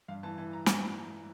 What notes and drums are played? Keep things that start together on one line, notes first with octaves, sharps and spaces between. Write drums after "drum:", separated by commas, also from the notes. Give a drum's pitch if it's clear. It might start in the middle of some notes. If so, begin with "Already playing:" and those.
G2 F5
E3 A5
E3 A5
A#5
drum: snare